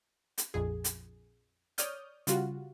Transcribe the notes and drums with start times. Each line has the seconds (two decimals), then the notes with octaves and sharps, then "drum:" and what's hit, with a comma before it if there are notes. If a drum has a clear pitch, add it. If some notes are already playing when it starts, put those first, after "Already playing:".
0.38 drum: hi-hat
0.54 A#1 F2 G#4
0.84 drum: hi-hat
1.78 C#5 D5 D#6 F6 G6, drum: hi-hat
2.27 C#3 G3 F4 F#4, drum: hi-hat